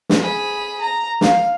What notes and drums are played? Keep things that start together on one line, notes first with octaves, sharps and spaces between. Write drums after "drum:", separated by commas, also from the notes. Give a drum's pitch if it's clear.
drum: snare
G#4 B5
A#5
F5, drum: snare